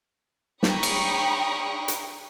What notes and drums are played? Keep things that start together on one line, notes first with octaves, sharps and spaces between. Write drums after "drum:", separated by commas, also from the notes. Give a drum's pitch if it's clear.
G5 A#5 B5 C#6 D#6, drum: snare
drum: cymbal
drum: hi-hat